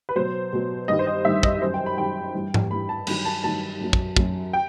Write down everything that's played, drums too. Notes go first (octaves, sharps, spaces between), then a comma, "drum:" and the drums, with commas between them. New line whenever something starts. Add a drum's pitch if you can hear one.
B4
B2 F#3 C5
B2 F#3
G2 D#3 G3 D#5
C5
D#5
G2 D#3 G3 E5
D#5, drum: kick
F#2 D#3 G3 C5
G5
B5
F#2 D#3 G3 G5
G2 E3 G3
drum: tom G#2
G2 E3 G3 B5
A5
G2 D#3 F#3 B5, drum: cymbal
A5
G2 D#3 F#3 A5
F#2 F#3
drum: kick
F#2 F#3, drum: kick
G5